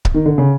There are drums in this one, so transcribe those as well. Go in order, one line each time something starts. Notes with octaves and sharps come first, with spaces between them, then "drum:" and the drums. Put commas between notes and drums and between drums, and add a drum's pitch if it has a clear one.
drum: kick C#1
D#3
D3
C#3